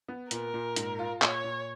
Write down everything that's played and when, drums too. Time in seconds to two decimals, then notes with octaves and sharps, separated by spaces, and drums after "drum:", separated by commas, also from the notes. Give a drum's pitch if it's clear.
0.08 B3
0.31 A#2 A#4, drum: hi-hat
0.54 A#2
0.76 G#2, drum: hi-hat
0.99 F4
1.22 A#2 C#5, drum: clap
1.44 A#2